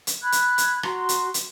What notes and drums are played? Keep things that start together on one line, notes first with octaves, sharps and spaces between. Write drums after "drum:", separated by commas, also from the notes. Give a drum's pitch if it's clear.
drum: hi-hat
B5 F#6 G#6
drum: hi-hat
drum: hi-hat
F#4 A#5 C6, drum: rim click
drum: hi-hat
drum: hi-hat